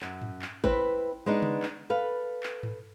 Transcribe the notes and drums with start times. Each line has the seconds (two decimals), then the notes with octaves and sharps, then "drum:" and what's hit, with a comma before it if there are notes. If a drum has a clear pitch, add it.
0.01 F#2, drum: clap
0.22 drum: tom G#2
0.42 drum: clap
0.64 C4 E4 B4, drum: kick
1.26 G#3 B3 D4 D#4
1.42 drum: tom C#3
1.63 drum: clap
1.90 A4 B4 F5
2.43 drum: clap
2.63 drum: tom G#2